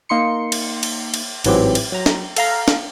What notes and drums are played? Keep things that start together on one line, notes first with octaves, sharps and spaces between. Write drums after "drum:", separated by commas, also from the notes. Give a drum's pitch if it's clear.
A#3 D#4 C6 C#7
drum: cymbal
drum: cymbal
drum: cymbal
A1 G#2 E3 F#3 C4 G4, drum: cymbal
drum: cymbal
F#3 A#5
drum: snare
A4 F5 A#5, drum: cymbal
drum: snare